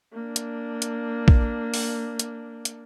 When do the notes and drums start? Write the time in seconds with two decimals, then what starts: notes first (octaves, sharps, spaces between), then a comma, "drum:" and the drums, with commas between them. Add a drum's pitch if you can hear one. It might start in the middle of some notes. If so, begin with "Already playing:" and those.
0.13 A#3 D4
0.36 drum: hi-hat
0.82 drum: hi-hat
1.28 drum: kick
1.74 drum: open hi-hat
2.19 drum: hi-hat
2.65 drum: hi-hat